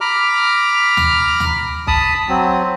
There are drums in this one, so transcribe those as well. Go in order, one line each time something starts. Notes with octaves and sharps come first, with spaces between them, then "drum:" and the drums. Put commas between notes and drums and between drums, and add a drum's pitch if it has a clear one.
A#5 B5 D6 F6
drum: tom D2
drum: tom D2
A5 B5 D#6, drum: kick B1
F#3 C4